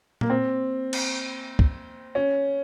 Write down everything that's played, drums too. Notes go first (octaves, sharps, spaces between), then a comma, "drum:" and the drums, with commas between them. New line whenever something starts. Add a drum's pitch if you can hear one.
A#3, drum: tom A#2
C4
drum: cymbal
drum: kick
C#4